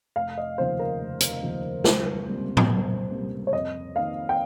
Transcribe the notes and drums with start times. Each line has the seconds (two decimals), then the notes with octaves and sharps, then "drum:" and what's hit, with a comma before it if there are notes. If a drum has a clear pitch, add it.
0.16 F1 F5
0.38 D#5
0.58 D#2 C#3 F3 C5
0.79 A#4
1.00 F1
1.20 drum: hi-hat
1.42 D#2 C#3 F3
1.84 C#2 C5, drum: snare
2.27 C3 G3 A#3
2.57 drum: tom A2
2.69 C#2
3.11 C3 G3 A#3
3.47 C#5
3.53 F2 D#5
3.95 D#3 A#3 F5
4.29 G5